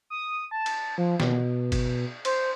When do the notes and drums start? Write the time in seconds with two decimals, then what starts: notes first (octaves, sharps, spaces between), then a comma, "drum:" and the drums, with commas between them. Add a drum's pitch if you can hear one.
0.10 D#6
0.51 A5
0.66 drum: cymbal
0.98 F3
1.20 B2, drum: snare
1.72 drum: kick G1, cymbal
2.25 C5, drum: cymbal